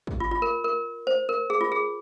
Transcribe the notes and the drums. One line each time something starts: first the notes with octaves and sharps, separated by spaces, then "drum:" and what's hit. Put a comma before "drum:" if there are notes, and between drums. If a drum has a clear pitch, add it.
drum: kick
F4
F4
A#4
A#4
C5
A#4
G#4
F4
G#4